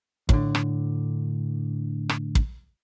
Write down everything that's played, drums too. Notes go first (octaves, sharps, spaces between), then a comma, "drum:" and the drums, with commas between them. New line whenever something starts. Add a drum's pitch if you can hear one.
A2 D3, drum: kick
drum: rim click
drum: rim click
drum: kick